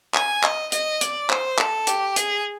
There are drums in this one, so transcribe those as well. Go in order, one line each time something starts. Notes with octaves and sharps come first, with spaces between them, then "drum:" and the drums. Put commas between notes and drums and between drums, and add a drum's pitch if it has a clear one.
G#5, drum: clap
D#5, drum: clap
D#5, drum: hi-hat
D5, drum: hi-hat
C5, drum: clap
A4, drum: clap
G4, drum: hi-hat
G#4, drum: hi-hat